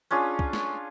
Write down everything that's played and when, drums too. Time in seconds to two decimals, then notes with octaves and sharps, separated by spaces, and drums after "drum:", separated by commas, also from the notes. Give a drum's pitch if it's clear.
0.11 C#4 D4 F4 G#4
0.39 drum: kick
0.53 drum: snare